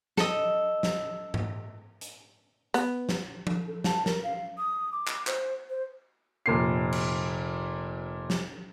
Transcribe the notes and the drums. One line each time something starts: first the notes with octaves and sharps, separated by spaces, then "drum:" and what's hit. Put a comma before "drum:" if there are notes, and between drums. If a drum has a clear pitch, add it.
A4 D#5, drum: snare
drum: snare
drum: tom G#2
drum: hi-hat
B3, drum: hi-hat
drum: snare
drum: tom F3
A4
A5, drum: snare
A#4, drum: snare
F5
D#6
D6
drum: clap
C5, drum: clap
C5
F1 A#2 C7
drum: cymbal
drum: snare